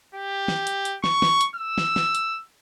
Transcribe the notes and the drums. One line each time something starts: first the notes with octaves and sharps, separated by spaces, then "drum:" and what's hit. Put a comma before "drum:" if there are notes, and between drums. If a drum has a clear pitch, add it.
G4
drum: snare
drum: hi-hat
drum: hi-hat
C#6, drum: snare
drum: snare
drum: hi-hat
E6
drum: snare
drum: snare
drum: hi-hat